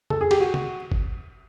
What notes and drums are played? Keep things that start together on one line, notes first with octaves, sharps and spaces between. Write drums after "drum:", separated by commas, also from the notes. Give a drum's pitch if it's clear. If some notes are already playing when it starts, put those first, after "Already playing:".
A4, drum: tom
G#4
G4, drum: cymbal
F#4
drum: tom
drum: kick G1